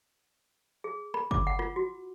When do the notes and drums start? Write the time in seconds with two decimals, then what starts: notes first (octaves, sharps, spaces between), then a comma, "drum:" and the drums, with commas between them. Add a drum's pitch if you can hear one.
0.84 G#4
1.14 B5, drum: rim click
1.31 D6, drum: kick G1
1.47 F#5
1.59 F4, drum: rim click
1.76 F#4